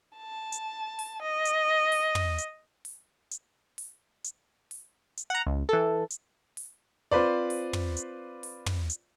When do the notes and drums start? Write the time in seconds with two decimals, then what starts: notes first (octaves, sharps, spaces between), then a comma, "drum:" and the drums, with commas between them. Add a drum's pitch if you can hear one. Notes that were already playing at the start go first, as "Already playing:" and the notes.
0.17 A5
0.52 drum: hi-hat
0.99 drum: open hi-hat
1.22 D#5
1.45 drum: hi-hat
1.92 drum: open hi-hat
2.15 drum: tom
2.38 drum: hi-hat
2.85 drum: open hi-hat
3.31 drum: hi-hat
3.78 drum: open hi-hat
4.24 drum: hi-hat
4.71 drum: open hi-hat
5.17 drum: hi-hat
5.30 F#5 A#5
5.47 C#2
5.69 E3 A4
6.10 drum: hi-hat
6.57 drum: open hi-hat
7.11 C4 F4 B4 C5 D5
7.50 drum: open hi-hat
7.73 drum: tom
7.97 drum: hi-hat
8.43 drum: open hi-hat
8.66 drum: tom
8.90 drum: hi-hat